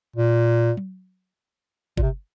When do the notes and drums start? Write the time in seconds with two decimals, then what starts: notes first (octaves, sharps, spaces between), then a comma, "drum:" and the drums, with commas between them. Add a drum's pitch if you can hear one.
0.16 A#2
0.77 drum: tom F#3
1.97 A#2, drum: kick G1
2.02 C3